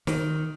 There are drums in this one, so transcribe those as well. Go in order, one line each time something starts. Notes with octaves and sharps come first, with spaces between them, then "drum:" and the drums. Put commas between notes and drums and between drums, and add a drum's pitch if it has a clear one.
D#3, drum: snare